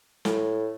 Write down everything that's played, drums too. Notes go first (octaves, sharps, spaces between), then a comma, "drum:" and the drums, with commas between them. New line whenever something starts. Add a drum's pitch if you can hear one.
A2, drum: snare